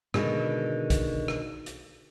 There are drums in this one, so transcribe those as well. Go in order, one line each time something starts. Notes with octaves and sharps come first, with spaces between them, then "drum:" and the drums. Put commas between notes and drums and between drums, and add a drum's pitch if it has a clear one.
B2 D3 D#3 G#3, drum: rim click
drum: kick, hi-hat
drum: rim click
drum: hi-hat